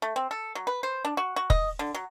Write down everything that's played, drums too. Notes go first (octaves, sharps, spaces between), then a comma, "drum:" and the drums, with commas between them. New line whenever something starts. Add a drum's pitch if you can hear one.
A3
C4
A4
F#3
B4
C5
D4
F#4
F#4
D#5, drum: kick
D3
F#3